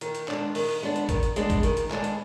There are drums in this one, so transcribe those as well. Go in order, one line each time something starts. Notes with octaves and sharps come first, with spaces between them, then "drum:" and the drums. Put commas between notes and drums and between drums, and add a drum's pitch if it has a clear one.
D#3, drum: hi-hat
drum: hi-hat
G#3 B3 D4, drum: clap
D#3, drum: open hi-hat
drum: open hi-hat
G#3 B3 D4
drum: hi-hat
D#3, drum: kick G#1, hi-hat
drum: hi-hat
G#3 B3 D4, drum: hi-hat
drum: kick G#1, hi-hat
D#3, drum: hi-hat
drum: hi-hat
G#3 B3 D4, drum: clap
drum: hi-hat